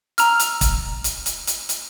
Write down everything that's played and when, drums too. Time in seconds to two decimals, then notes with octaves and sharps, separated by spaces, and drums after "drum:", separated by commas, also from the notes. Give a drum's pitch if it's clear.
0.18 A#5 E6 F6, drum: hi-hat
0.40 drum: hi-hat
0.61 drum: kick, hi-hat
1.04 drum: hi-hat
1.26 drum: hi-hat
1.47 drum: hi-hat
1.69 drum: hi-hat